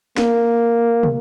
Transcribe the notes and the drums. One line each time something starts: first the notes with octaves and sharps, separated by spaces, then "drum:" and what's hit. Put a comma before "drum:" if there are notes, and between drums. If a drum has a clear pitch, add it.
A#3, drum: snare
drum: tom